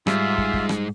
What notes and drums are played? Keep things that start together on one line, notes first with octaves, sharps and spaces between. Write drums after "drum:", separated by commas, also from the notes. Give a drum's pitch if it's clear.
G#2 G3 F4 E5, drum: rim click
drum: kick
drum: kick
drum: rim click